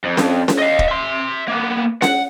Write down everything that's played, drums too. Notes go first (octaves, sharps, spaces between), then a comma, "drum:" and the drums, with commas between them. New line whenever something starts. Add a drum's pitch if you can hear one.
F2
drum: snare C#4
drum: snare C#4
D#5 F5
drum: kick
E5 C6
A#3 B3
F#5, drum: snare C#4